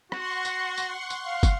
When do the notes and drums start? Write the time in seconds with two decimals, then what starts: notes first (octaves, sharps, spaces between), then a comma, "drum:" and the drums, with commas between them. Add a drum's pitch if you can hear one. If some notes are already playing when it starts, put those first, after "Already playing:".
0.12 F#4 F#5 C6 C#6, drum: rim click
0.45 drum: tambourine
0.78 drum: tambourine
1.10 drum: tambourine
1.26 F5
1.43 drum: kick, tambourine